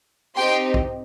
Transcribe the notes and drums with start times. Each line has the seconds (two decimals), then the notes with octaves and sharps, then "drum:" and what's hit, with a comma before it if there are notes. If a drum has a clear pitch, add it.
0.36 C4 D#4 G4 G5 C6
0.74 drum: kick